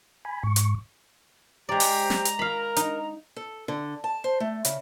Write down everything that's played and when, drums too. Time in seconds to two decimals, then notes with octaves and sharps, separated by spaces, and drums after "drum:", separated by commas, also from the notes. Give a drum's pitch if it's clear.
0.25 G#5 B5
0.43 G#2 C#6
0.56 drum: hi-hat
1.69 G#3 G4 C5 D5 A#5
1.80 drum: open hi-hat
2.10 drum: snare
2.25 drum: hi-hat
2.39 A#4 F5 B5
2.76 D#4, drum: hi-hat
3.36 A4
3.68 D3
4.04 A5
4.24 C5
4.40 A3
4.65 C#3, drum: hi-hat